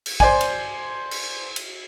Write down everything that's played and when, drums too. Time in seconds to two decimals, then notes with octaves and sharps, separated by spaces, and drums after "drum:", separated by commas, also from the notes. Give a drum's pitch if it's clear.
0.06 drum: cymbal
0.20 C5 D5 G#5, drum: kick
0.41 drum: cymbal
1.11 drum: cymbal
1.56 drum: cymbal